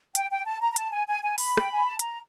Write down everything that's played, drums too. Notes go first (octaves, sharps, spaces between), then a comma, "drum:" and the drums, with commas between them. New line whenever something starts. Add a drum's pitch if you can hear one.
G5, drum: hi-hat
G5
A5
A#5
A#5
A5, drum: hi-hat
G#5
G#5
G#5
B5, drum: open hi-hat
G5, drum: rim click
G#5
A5
A#5, drum: hi-hat